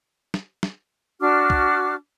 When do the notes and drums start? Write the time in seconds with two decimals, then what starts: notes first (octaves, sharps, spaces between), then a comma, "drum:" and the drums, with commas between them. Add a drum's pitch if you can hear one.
0.34 drum: snare
0.63 drum: snare
1.21 D4 F#4 D6 F6
1.50 drum: kick